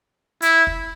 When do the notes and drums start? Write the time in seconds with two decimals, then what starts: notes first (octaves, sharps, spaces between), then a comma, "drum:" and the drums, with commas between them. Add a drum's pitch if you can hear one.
0.42 E4, drum: hi-hat
0.67 drum: kick